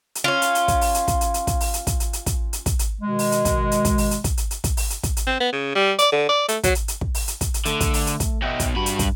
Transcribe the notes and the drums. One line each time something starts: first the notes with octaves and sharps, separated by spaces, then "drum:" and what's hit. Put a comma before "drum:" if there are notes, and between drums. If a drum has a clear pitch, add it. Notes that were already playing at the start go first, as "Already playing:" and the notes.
drum: hi-hat
C#4 F4
drum: hi-hat
drum: hi-hat
drum: kick, hi-hat
drum: open hi-hat
drum: hi-hat
drum: kick, hi-hat
drum: hi-hat
drum: hi-hat
drum: kick, hi-hat
drum: open hi-hat
drum: hi-hat
drum: kick, hi-hat
drum: hi-hat
drum: hi-hat
drum: kick, hi-hat
drum: hi-hat
drum: kick, hi-hat
drum: hi-hat
B2 D#3 G#3
drum: open hi-hat
drum: hi-hat
drum: kick, hi-hat
drum: hi-hat
drum: kick, hi-hat
drum: open hi-hat
drum: hi-hat
drum: kick, hi-hat
drum: hi-hat
drum: hi-hat
drum: kick, hi-hat
drum: open hi-hat
drum: hi-hat
drum: kick, hi-hat
drum: hi-hat
C4
B3
C#3
G3
D5, drum: hi-hat
D3
D5
A3, drum: hi-hat
F#3, drum: kick, hi-hat
drum: hi-hat
drum: hi-hat
drum: kick
drum: open hi-hat
drum: hi-hat
drum: kick, hi-hat
drum: hi-hat
D3 A3 A4, drum: hi-hat
drum: kick, hi-hat
drum: open hi-hat
drum: hi-hat
drum: kick, hi-hat
F#3 B3 D#5 E5 G5
drum: kick, hi-hat
G2 F#4 B5
drum: hi-hat
drum: kick, hi-hat